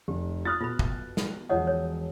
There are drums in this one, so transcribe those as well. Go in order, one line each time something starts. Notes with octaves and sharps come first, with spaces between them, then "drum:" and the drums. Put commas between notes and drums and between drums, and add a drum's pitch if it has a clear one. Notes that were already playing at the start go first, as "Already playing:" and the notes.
F1 G4
F4 D#6 F6 F#6 A6
B2 F4 A4 B5
drum: kick
drum: snare
E1 F3 C#5 D#5 F#5 D#6
C#5